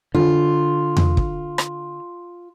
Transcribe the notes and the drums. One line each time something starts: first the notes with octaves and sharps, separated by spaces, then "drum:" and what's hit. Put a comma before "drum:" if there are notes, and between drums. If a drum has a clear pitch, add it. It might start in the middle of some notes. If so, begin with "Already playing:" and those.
D3 F4
drum: tom E2
drum: kick
drum: rim click